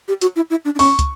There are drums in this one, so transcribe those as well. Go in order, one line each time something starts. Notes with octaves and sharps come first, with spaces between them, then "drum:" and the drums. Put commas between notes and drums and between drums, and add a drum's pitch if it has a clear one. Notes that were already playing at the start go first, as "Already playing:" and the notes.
G4
F#4, drum: hi-hat
E4
E4
D4
D4
C#4 C#6, drum: open hi-hat
drum: kick, hi-hat